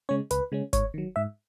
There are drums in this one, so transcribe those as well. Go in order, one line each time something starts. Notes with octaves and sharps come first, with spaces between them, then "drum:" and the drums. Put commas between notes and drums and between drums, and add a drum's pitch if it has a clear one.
C#3 G#3 C#4 C#5
C#2 B4, drum: hi-hat
C#3 G#3 C#4
G#2 C#5, drum: kick G1, hi-hat
D#3 F#3
G#2 E5